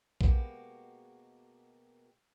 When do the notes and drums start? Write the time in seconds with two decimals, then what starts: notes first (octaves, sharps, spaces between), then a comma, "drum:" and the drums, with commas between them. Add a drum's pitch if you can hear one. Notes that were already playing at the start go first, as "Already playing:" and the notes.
0.21 B2 G#3 A#3 F#4 G4, drum: kick